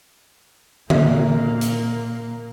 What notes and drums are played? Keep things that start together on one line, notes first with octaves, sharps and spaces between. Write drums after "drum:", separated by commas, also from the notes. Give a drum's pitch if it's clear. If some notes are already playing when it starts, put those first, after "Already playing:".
A#2 A#3, drum: tom D3
drum: hi-hat